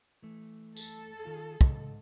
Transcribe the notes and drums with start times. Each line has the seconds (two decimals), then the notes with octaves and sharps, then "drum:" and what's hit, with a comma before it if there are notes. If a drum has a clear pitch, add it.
0.22 E3 A3
0.76 A4, drum: tambourine
1.24 D#3 F4 A5
1.61 G#2 C#3 D#5, drum: kick